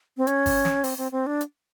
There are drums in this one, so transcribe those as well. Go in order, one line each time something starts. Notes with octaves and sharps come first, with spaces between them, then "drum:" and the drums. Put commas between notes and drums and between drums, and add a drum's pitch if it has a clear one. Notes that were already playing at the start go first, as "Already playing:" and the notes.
C4
C#4, drum: hi-hat
drum: kick G1, open hi-hat
drum: snare
C4, drum: open hi-hat
C4
C4
D4
drum: hi-hat